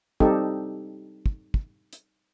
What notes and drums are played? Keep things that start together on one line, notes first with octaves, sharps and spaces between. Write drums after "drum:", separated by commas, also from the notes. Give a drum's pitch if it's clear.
G3 C4 D#4 G4 A4, drum: kick
drum: kick
drum: kick
drum: hi-hat